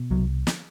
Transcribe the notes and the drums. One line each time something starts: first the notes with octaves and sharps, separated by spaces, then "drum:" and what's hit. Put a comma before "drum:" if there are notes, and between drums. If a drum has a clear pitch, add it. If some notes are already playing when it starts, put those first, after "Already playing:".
Already playing: B2
C2 F#3
drum: snare